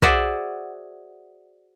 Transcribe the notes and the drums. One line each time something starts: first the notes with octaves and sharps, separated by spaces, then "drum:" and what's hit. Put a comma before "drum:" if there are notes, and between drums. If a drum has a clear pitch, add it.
F#4 G#4 C5 D5 E5 F#5, drum: kick